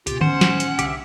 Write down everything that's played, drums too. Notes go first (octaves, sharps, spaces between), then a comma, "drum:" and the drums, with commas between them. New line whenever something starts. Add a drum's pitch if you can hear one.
C#2 B2 F4 G4, drum: hi-hat
A2 D#3 B3 C#4 C5 F#5, drum: tom D3
drum: snare
drum: hi-hat
C2 D3 G4 E5, drum: hi-hat